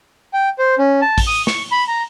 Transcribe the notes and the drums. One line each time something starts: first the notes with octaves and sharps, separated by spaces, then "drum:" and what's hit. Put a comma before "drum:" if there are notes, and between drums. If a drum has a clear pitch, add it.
G5
C5
C#4
A5
drum: kick, open hi-hat
D#6
C#6, drum: snare
B5
A#5